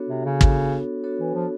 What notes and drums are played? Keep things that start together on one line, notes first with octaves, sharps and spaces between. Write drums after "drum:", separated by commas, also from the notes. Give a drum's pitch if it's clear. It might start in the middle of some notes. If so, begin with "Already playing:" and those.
Already playing: B3 D4 F#4 A4 C#5
C3
C#3
B3 D4 F#4 A4 C#5, drum: kick
B3 D4 F#4 A4 C#5
E3
F3